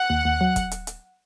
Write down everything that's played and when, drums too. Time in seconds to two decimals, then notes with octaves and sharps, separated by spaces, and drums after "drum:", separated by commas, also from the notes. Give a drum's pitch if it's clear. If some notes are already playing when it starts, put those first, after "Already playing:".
Already playing: F#5
0.10 D#2
0.25 D#2
0.41 F#3
0.56 drum: kick E1, hi-hat
0.71 drum: hi-hat
0.87 drum: hi-hat